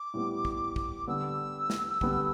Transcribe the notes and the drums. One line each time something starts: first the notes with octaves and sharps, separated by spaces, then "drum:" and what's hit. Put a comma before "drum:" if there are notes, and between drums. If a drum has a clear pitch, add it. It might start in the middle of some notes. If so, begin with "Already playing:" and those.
Already playing: D6
A2 G3 B3
drum: kick
drum: kick
D3 G3 B3 E6
drum: snare
D3 G3 B3, drum: kick